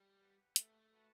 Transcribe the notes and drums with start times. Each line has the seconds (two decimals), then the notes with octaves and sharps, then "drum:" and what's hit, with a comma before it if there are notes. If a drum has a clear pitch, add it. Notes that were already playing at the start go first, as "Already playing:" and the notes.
Already playing: G3
0.21 G4 B4 F#5
0.56 A3, drum: hi-hat
0.92 F#4 B4 F#5 A5